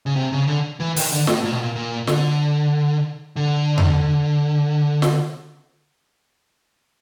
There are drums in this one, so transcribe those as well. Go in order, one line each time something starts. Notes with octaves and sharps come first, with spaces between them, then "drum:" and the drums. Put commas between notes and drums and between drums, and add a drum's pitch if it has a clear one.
C#3
C3
C#3
D3
E3
D#3, drum: open hi-hat
D3
A2, drum: snare
A#2
B2
A#2
A#2
D3, drum: snare
D3
drum: tom E2
drum: snare